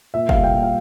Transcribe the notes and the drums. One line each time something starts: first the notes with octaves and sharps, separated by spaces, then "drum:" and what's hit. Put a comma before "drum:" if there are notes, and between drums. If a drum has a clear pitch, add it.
A#2 E5
G3 F5, drum: kick
G5
A#2
F5